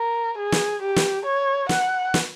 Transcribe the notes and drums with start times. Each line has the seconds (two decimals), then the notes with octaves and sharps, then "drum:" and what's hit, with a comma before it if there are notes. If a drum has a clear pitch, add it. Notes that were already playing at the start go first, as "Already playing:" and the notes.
Already playing: A#4
0.38 G#4
0.52 drum: snare
0.82 G4
0.96 drum: snare
1.26 C#5
1.69 F#5, drum: snare
2.14 drum: snare